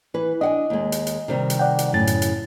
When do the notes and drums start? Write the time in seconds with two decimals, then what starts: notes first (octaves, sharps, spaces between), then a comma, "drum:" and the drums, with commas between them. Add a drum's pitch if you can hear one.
0.14 E3 B4
0.41 D4 D#5 F#5 G#5
0.70 D#2 G#3
0.92 drum: hi-hat
1.07 drum: hi-hat
1.28 C3 D#3 G3
1.50 drum: hi-hat
1.59 D5 F#5 G5
1.79 drum: hi-hat
1.93 F#2 A2 C#3 A6
2.07 drum: hi-hat
2.22 drum: hi-hat